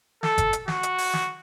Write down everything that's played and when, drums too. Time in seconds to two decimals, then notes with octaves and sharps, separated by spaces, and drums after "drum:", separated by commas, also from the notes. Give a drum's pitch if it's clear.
0.23 A4, drum: snare
0.38 drum: kick G1, hi-hat
0.53 drum: hi-hat
0.68 F#4, drum: snare
0.83 drum: hi-hat
0.98 drum: open hi-hat
1.13 drum: snare